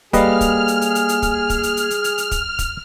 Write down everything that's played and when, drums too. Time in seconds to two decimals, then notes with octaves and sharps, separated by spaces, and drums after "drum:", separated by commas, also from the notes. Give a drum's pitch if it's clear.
0.13 G3 A#3 G#4 A4 B4 D#5 F5 F6, drum: kick, hi-hat
0.41 drum: kick, hi-hat
0.68 drum: hi-hat
0.82 drum: hi-hat
0.95 drum: hi-hat
1.09 drum: hi-hat
1.22 drum: kick, hi-hat
1.50 drum: kick, hi-hat
1.63 drum: hi-hat
1.77 drum: hi-hat
1.90 drum: hi-hat
2.04 drum: hi-hat
2.18 drum: hi-hat
2.31 drum: kick, hi-hat
2.59 drum: kick, hi-hat